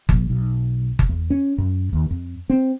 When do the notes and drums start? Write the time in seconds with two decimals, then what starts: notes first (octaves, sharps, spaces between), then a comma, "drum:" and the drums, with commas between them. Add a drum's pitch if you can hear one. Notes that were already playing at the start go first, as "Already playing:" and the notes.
0.09 A#1, drum: kick G1
0.30 B1
0.99 drum: kick G1
1.09 E2
1.30 C#4
1.58 F#2
1.93 D#2
2.11 F2
2.50 C4